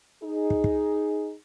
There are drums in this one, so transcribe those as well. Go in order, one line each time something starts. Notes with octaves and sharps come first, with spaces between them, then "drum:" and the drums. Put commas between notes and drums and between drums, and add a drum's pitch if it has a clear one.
D#4 G#4
drum: kick
drum: kick